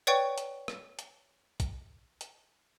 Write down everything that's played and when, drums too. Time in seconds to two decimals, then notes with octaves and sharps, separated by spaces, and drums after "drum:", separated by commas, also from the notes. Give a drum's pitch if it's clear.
0.07 B4 C#5 D5 F#5 G5 C#6
0.38 drum: hi-hat
0.68 drum: rim click
0.99 drum: hi-hat
1.60 drum: kick A1, hi-hat
2.21 drum: hi-hat